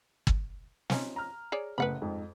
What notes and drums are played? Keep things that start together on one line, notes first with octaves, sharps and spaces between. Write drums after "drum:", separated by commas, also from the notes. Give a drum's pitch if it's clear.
drum: kick
F3 C#4 D#4, drum: snare
A#5 F6
G#4 C#5 D5
F#1 A2 B4 F#5 B5
F2 G#2